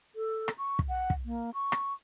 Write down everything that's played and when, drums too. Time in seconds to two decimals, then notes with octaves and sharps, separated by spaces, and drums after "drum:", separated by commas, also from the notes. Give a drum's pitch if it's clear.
0.16 A4
0.48 drum: rim click
0.58 C#6
0.79 drum: kick
0.89 F#5
1.10 drum: kick
1.25 A#3
1.54 C#6
1.72 drum: rim click